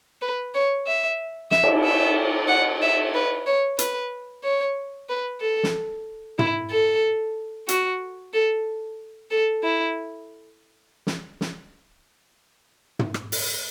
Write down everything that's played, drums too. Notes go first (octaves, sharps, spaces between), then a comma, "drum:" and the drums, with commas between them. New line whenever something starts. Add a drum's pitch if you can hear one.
B4
C#5
E5
E5, drum: snare
drum: cymbal
E5
F#5
E5
B4
C#5
B4, drum: hi-hat
C#5
B4
A4
drum: snare
E4, drum: tom
A4
F#4, drum: hi-hat
A4
A4
E4
drum: snare
drum: snare
drum: tom
drum: rim click
drum: open hi-hat